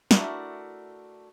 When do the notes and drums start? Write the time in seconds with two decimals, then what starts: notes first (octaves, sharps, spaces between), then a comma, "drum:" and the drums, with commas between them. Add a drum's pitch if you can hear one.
0.11 A3 D4 E4 F#4 A#4, drum: snare